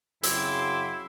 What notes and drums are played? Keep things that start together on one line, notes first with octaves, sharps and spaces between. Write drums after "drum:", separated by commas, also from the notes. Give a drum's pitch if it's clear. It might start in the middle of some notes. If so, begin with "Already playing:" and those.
F#2 C#3 F#3 C4 E4 E5 C6 D6, drum: hi-hat